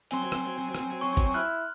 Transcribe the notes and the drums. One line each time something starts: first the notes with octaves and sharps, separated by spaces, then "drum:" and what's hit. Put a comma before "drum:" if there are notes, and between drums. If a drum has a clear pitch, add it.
F#3 C4 G#5 C6 G7, drum: hi-hat
drum: rim click
drum: rim click
C#5 C#6
drum: kick, hi-hat
E4 F6 F#6